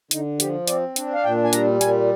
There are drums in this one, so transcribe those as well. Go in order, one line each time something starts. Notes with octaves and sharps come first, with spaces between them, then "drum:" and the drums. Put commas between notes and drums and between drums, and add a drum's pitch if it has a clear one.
D3 D#4, drum: hi-hat
F3 G4, drum: hi-hat
C4 D5, drum: hi-hat
D4, drum: hi-hat
F5
A#2 G5
G#5
G3 A#5, drum: hi-hat
A#2 G#5, drum: hi-hat